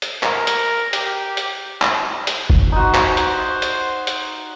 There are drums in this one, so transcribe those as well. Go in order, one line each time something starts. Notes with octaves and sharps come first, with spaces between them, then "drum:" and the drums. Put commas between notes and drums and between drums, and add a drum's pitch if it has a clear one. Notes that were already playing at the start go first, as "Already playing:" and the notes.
drum: hi-hat
A#4, drum: clap
drum: hi-hat
G4, drum: hi-hat
drum: hi-hat
drum: clap
drum: hi-hat
drum: kick
D#4 F#4 C5
drum: clap
drum: hi-hat
drum: hi-hat
drum: hi-hat